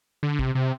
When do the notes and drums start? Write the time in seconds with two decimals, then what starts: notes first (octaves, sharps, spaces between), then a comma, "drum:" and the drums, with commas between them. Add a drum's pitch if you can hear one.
0.23 D3
0.39 C3, drum: kick
0.55 C3